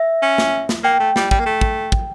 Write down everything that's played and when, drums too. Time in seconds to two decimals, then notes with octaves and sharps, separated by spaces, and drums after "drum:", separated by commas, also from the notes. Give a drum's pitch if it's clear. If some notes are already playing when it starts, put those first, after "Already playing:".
Already playing: E5
0.22 C#4
0.38 drum: snare
0.69 drum: snare
0.84 A#3 G5
1.00 A3
1.16 G3, drum: snare
1.31 G3, drum: kick
1.40 A#3
1.46 A3
1.61 drum: kick
1.92 drum: kick